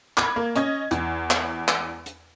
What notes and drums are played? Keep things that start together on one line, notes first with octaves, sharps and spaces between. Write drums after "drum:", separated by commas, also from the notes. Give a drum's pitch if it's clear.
B5 G#6, drum: clap
A#3
C#4 D#5 G#6, drum: hi-hat
E2, drum: hi-hat
drum: clap
drum: clap
drum: hi-hat